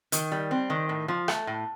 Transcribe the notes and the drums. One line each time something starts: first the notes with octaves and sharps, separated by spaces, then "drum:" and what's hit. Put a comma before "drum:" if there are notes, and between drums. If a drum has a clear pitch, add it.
D#3, drum: hi-hat
G3
C4
D#3
A2
F3
A3, drum: rim click
A2